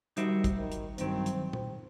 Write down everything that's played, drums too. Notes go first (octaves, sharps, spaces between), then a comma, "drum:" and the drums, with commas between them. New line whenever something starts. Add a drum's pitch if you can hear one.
D#3 G3 D#4 F#4 C5 E5, drum: hi-hat
drum: kick, hi-hat
D#3
drum: hi-hat
G2 D#3 F#3 C4, drum: hi-hat
drum: hi-hat
drum: tom